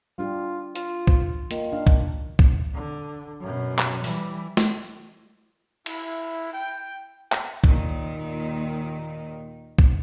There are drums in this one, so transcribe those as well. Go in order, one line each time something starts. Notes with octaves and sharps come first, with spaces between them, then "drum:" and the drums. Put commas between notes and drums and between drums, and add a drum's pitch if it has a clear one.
G3 D4 F4 G4
F4, drum: hi-hat
C5, drum: kick
D#3 A#3 F4, drum: hi-hat
D4 D#4 F5
drum: kick
drum: kick
D3
F#2 B2
drum: clap
E3 G3, drum: open hi-hat
drum: snare
E4, drum: cymbal
G5
drum: clap
D#2 A#2 D#3, drum: kick
drum: kick